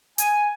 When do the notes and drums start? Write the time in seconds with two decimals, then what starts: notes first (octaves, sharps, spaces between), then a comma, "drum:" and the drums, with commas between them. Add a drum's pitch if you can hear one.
0.18 G#5, drum: hi-hat